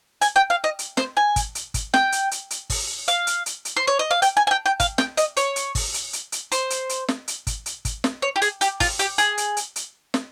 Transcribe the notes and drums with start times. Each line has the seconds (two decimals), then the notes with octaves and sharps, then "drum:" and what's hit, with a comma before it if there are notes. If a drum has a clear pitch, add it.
0.22 G#5, drum: hi-hat
0.36 G5
0.50 F5
0.64 D#5
0.79 drum: hi-hat
0.97 C5, drum: snare
1.17 G#5
1.36 drum: kick, hi-hat
1.55 drum: hi-hat
1.74 drum: kick, hi-hat
1.94 G5, drum: snare
2.12 drum: hi-hat
2.31 drum: hi-hat
2.50 drum: hi-hat
2.70 drum: kick, open hi-hat
3.08 F5, drum: hi-hat
3.27 drum: hi-hat
3.46 drum: hi-hat
3.65 drum: hi-hat
3.77 C5
3.87 C#5
3.99 D#5
4.11 F5
4.22 G5, drum: hi-hat
4.37 G#5
4.47 G#5
4.51 G5
4.66 G5
4.80 F5, drum: kick, hi-hat
4.98 G5, drum: snare
5.17 D#5, drum: hi-hat
5.37 C#5, drum: hi-hat
5.56 drum: hi-hat
5.75 drum: kick, open hi-hat
5.94 drum: hi-hat
6.13 drum: hi-hat
6.32 drum: hi-hat
6.52 C5, drum: hi-hat
6.70 drum: hi-hat
6.89 drum: hi-hat
7.09 drum: snare
7.28 drum: hi-hat
7.47 drum: kick, hi-hat
7.66 drum: hi-hat
7.85 drum: kick, hi-hat
8.04 drum: snare
8.22 C#5
8.36 G4
8.42 G#4, drum: hi-hat
8.61 G4, drum: hi-hat
8.80 F4, drum: kick, open hi-hat
8.99 G4, drum: hi-hat
9.18 G#4, drum: hi-hat
9.38 drum: hi-hat
9.57 drum: hi-hat
9.76 drum: hi-hat
10.14 drum: snare